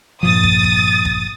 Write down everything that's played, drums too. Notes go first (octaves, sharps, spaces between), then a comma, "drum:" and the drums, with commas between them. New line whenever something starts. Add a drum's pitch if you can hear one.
G2 A#2 F3 D#6 A6
drum: kick
drum: kick
drum: kick